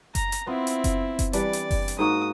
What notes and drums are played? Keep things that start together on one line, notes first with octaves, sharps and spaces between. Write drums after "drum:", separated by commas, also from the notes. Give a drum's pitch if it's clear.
A#5, drum: kick F#1, hi-hat
drum: hi-hat
B3 C4 E4 F4
drum: hi-hat
drum: kick F#1, hi-hat
drum: kick F#1, hi-hat
E3 G3 D4 D5, drum: hi-hat
drum: hi-hat
drum: kick F#1, open hi-hat
drum: hi-hat
G#2 A#3 F#4 D#6